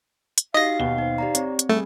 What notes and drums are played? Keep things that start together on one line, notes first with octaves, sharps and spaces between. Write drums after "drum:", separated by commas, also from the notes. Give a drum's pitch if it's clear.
drum: hi-hat
D#4 F#4 G4 D#5 F5 A#6 B6
D#2 B2 G5 G7
D#4 C5
G4 D5 A#5
C4 C#5, drum: hi-hat
drum: hi-hat
G3 A3 G#4